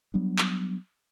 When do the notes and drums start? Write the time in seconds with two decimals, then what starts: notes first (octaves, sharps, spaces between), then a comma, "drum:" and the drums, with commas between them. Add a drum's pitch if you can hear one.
0.14 F#3 G3 B3 D4
0.38 drum: clap